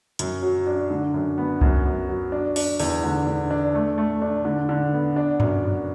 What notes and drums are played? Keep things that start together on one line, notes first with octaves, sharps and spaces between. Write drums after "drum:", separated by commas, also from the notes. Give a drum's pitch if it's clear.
F#2, drum: hi-hat
F#3
D4
D3
F#2
B3
F#2, drum: kick C2
F#2
F#3
D4
D4, drum: open hi-hat
E2, drum: open hi-hat
D3
D3
D4
A3
A3
D4
D3
D3
B3
D4
F#2, drum: tom F#2
F#2